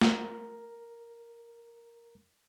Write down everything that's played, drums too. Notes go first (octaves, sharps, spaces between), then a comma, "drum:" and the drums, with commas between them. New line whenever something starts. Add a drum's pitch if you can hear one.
A#4 A#5, drum: snare